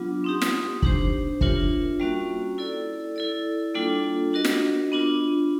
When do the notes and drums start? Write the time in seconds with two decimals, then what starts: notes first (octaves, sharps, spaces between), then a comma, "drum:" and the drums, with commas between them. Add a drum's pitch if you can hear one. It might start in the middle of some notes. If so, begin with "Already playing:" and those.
Already playing: F#3 B3 D4 F4
0.24 C4 D#4 G4
0.42 drum: snare
0.82 D4 G4 C5, drum: kick
1.41 D4 F4 A#4 C#5 E5, drum: kick
2.00 G3 A#3 C#4 F#4
2.58 E4 A4 D5
3.16 E4 A4 D5
3.75 G3 A#3 D4 F4 A4
4.33 D4 F#4 A#4 D#5
4.45 drum: snare
4.92 B3 D4 F4